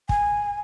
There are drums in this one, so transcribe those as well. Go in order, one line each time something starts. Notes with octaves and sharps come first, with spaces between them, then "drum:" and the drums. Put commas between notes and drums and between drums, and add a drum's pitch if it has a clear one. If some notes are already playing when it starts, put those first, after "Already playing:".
G#5, drum: kick